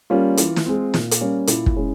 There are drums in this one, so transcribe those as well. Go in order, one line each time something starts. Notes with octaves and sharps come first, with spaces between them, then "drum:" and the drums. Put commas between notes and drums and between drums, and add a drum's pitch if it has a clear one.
G3 A#3 C#4 F4
E3, drum: hi-hat
drum: snare
G#3 C4
A#2, drum: snare
drum: hi-hat
G3 A#3 C#4
A#2 E4, drum: hi-hat
drum: kick
G#3 C#4